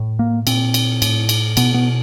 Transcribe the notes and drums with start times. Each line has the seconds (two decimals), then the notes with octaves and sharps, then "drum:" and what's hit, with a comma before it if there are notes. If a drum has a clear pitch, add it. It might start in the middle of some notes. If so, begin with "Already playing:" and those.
Already playing: A2
0.19 A#3
0.47 A#2 C4, drum: cymbal
0.74 drum: cymbal
1.02 A2, drum: cymbal
1.29 drum: cymbal
1.57 B2 B3, drum: cymbal
1.74 B3